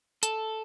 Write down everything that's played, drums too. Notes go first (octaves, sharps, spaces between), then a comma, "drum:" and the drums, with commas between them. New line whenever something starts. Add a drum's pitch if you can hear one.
A4, drum: hi-hat